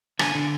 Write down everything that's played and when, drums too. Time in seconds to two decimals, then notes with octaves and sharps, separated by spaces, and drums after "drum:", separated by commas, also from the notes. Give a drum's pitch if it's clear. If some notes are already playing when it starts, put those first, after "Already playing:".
0.19 D3 G#5, drum: rim click
0.35 D3